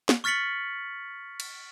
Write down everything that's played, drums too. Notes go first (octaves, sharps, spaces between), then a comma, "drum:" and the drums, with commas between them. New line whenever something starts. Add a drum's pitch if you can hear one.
drum: snare
C#6 F6 A6 B6 C#7 F#7
drum: cymbal